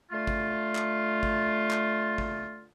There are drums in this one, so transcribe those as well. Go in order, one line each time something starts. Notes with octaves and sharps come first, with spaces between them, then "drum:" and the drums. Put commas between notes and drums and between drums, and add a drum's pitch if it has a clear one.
D3 A3 F4
drum: kick G#1
drum: clap
drum: kick G#1
drum: clap
drum: kick G#1